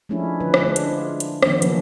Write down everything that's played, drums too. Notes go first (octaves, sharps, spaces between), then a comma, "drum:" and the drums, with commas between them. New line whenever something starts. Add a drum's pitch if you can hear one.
F3 G#3 A3 C#4 D4 E4
D3 F3 B4
drum: rim click
G#3 A3 D4
drum: hi-hat
F4
drum: hi-hat
D#3 F3 B3, drum: rim click
C#3 F3 F#3 A#3 C#4 D4, drum: hi-hat